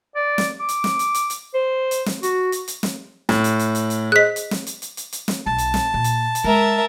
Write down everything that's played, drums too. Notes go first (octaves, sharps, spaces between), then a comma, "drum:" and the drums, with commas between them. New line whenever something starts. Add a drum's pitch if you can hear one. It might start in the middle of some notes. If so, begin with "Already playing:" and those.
D5
drum: snare
D6
drum: hi-hat
drum: snare
drum: hi-hat
drum: hi-hat
drum: hi-hat
C5
drum: hi-hat
drum: snare
F#4, drum: hi-hat
drum: hi-hat
drum: hi-hat
drum: snare
A2, drum: snare
drum: hi-hat
drum: hi-hat
drum: hi-hat
drum: hi-hat
G#4 C5 D#5 F#6 B6
drum: hi-hat
drum: snare
drum: hi-hat
drum: hi-hat
drum: hi-hat
drum: hi-hat
drum: snare
B1 A5
drum: hi-hat
drum: snare
A#2
drum: hi-hat
drum: hi-hat
G#3 A#4 E5